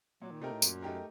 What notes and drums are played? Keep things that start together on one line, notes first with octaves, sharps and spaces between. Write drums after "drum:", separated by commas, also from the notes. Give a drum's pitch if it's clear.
A#2 F#3
D#3
C3 A3 D#4 G4 A#4
A2
F#2 A#2, drum: tambourine
A3 D#4 G4 A#4